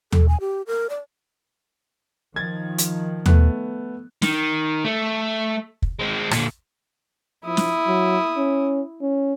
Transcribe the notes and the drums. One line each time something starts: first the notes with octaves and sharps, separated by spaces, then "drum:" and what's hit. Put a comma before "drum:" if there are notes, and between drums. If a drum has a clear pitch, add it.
A4, drum: tom D#2
G#5
G4
A#4
D5
D#3 F3 G#6 A6
drum: hi-hat
A3 B3 F#6, drum: tom D#2
D#3, drum: snare
A3
drum: kick
G#3 C4
A#2 D3, drum: rim click
F3 E4 D#6
drum: snare
F#3
C#4
C#4